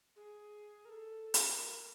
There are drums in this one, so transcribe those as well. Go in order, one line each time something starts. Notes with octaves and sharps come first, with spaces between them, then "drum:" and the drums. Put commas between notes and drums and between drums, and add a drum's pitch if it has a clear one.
G#4
A#4
A4
drum: hi-hat
A#4